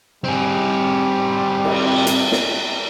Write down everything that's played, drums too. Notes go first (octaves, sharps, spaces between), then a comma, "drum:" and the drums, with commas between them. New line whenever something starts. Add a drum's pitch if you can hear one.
G3 C4 G#4
drum: cymbal
drum: hi-hat
drum: snare